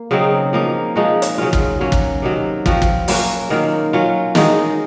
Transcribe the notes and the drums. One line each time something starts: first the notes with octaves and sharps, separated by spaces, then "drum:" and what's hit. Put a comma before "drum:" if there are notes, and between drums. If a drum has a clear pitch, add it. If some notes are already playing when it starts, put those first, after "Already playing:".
Already playing: A#3
C#3 F#3 C4 D#4
F3 A#3 D#4
F3 G#3 D#4 F#4
drum: hi-hat
C#3 F#3 C#4 F4
drum: kick
F#3 A#3 C#4
drum: kick
C3 D#3 F#3
F3 C4 F#4, drum: kick
drum: kick
F#3 A#3 C#4 F#4, drum: open hi-hat
D#3 F#3 A#3 F4
F#3 C#4 F4
D#3 G#3 D#4 F#4, drum: snare